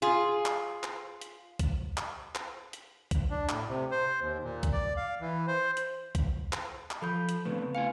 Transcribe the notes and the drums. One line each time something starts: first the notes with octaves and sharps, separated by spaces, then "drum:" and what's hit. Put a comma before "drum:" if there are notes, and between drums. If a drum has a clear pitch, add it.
F4 G#4
drum: clap
drum: clap
drum: hi-hat
drum: kick B1, hi-hat
drum: clap
drum: clap
drum: hi-hat
drum: kick B1, hi-hat
D4
A2, drum: clap
C3
C5
D#2
A#2
drum: kick B1, hi-hat
D5
F5
E3
C5
drum: hi-hat
drum: kick B1, hi-hat
drum: clap
drum: clap
F3 A4 B5 G6
drum: hi-hat
C#3 A3 B3 C4 B4
E4 F5 G#5 C#7